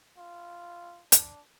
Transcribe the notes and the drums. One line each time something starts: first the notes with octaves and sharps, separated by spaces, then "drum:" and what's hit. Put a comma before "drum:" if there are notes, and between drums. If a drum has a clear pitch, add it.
F4
D4, drum: hi-hat